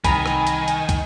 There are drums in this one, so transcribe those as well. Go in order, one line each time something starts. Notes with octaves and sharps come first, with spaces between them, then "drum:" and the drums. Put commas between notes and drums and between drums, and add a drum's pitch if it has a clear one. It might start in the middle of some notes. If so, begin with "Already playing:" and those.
C2 D#3 G#5 A#5 B5, drum: kick, hi-hat
drum: rim click
drum: hi-hat
drum: hi-hat
drum: kick, hi-hat